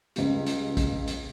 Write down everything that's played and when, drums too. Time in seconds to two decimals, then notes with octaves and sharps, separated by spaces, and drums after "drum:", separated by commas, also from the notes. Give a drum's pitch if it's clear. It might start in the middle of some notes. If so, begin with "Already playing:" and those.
0.16 C#2 C#3 G3, drum: hi-hat
0.46 drum: hi-hat
0.77 drum: kick, hi-hat
1.07 drum: hi-hat